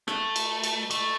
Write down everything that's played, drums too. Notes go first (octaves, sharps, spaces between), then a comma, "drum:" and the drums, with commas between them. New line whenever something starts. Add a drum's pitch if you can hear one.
A3, drum: rim click
drum: cymbal
drum: cymbal
A3, drum: cymbal